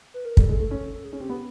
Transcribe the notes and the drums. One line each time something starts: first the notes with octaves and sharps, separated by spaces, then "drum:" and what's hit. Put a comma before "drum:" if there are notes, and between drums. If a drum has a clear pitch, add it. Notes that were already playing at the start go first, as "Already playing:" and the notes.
B4
A#4
G3 A4, drum: kick
G#3
A3
C#4
A4
G#4
C#4
C4 G4
B3